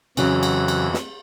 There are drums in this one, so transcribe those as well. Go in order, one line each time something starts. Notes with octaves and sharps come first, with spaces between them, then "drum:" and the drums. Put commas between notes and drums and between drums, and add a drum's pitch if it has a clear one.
F2 C#3 E3 F#3 F#4, drum: cymbal
drum: cymbal
drum: cymbal
drum: snare